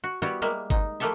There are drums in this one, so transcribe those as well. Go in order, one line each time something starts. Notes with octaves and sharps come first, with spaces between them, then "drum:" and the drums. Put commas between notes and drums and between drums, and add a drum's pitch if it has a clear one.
F#4
G3 B3 E4 F#4 G4
G3 G#3 A#3 E5
D#4, drum: kick G1
F3 A3 A#3 G4 A4 E5